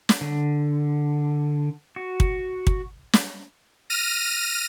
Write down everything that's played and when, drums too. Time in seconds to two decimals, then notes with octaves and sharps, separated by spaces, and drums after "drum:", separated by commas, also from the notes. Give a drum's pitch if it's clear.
0.09 drum: snare
0.21 D3
1.96 F#4
2.20 drum: kick
2.67 drum: kick
3.13 drum: snare
3.90 F6 A#6 D#7